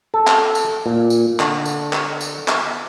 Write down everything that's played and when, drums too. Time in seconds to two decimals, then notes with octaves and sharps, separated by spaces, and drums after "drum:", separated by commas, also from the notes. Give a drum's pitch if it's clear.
0.14 A4
0.27 drum: clap
0.55 drum: tambourine
0.86 A#2
1.10 drum: tambourine
1.40 D3, drum: clap
1.65 drum: tambourine
1.93 drum: clap
2.21 drum: tambourine
2.48 drum: clap